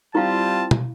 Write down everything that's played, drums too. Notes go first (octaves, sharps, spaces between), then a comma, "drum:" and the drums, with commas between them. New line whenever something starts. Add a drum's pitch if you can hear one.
G3 C4 E4 F4 F5 A5
drum: tom B2